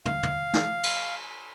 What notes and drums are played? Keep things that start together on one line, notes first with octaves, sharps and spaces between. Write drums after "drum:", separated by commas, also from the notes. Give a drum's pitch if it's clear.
F5, drum: tom
drum: tom
drum: snare
drum: cymbal